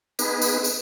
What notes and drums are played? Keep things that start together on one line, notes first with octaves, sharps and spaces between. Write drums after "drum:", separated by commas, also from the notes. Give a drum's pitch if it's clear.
B3 D#4 G#4 B4, drum: tambourine
drum: tambourine
drum: tambourine